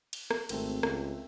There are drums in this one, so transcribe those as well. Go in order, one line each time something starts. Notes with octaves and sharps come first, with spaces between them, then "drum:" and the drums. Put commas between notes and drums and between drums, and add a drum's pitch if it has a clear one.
drum: cymbal
drum: rim click
G#1 A3 C4 A#4, drum: cymbal
C#2, drum: rim click